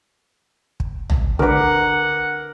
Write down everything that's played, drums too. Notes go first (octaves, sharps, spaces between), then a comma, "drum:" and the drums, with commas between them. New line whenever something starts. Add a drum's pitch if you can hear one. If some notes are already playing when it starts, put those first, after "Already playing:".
drum: kick
drum: tom
D3 A#4 B4 F#5 D6